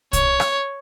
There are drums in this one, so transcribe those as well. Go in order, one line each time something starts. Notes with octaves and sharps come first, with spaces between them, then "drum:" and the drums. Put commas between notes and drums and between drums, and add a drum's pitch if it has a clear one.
C#5, drum: kick, hi-hat
drum: rim click